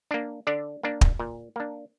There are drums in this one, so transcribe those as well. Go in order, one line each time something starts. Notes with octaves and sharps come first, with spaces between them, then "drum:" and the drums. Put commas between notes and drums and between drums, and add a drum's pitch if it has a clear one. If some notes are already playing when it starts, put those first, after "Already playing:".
A#3 D4
D3 D4 D5
A#3 D4
drum: kick
A#2
A#3 D4